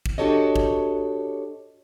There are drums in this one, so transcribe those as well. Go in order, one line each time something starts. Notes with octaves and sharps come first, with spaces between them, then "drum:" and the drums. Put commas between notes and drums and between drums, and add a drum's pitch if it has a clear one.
drum: kick
D4 F#4 G4 A4 C#5 D#5
drum: kick